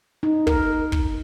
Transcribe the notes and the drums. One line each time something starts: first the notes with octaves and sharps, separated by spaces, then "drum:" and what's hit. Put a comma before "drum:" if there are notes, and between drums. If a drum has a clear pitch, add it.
D#4
A#4, drum: kick
drum: kick